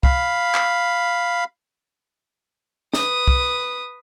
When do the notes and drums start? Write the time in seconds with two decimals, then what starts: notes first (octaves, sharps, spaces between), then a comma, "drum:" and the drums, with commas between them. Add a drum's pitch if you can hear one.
0.03 F5 B5, drum: kick
0.55 drum: clap
2.93 B4 D#6, drum: snare
3.28 drum: kick